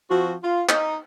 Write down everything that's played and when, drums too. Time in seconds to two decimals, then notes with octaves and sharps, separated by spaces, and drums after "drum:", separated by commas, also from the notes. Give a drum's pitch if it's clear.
0.10 F3 C4 F#4
0.43 F4
0.69 D#4, drum: clap